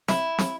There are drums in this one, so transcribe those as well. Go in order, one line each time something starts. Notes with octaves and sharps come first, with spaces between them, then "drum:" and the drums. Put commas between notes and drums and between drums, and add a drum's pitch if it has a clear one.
E4, drum: snare
drum: snare